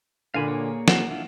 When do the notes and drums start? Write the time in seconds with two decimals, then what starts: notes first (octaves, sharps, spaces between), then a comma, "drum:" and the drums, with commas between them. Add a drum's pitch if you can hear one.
0.34 A#2 D3 F5 G#5 B5
0.47 A#3 G#4 C#5
0.88 F#5 C7 E7, drum: snare
1.11 D4 E4 F4